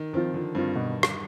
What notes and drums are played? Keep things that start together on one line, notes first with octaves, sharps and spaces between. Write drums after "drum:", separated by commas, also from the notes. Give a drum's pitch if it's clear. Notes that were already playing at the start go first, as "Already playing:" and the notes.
Already playing: D#3
D#3 F3 C4 F4
D3 F3
G2 C4 F4
B2
drum: rim click